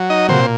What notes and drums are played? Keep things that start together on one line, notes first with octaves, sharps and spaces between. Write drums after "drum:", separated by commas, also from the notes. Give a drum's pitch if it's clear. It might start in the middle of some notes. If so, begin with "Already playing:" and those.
Already playing: F#3
D#4 D#5
A#2 C4 C5, drum: tom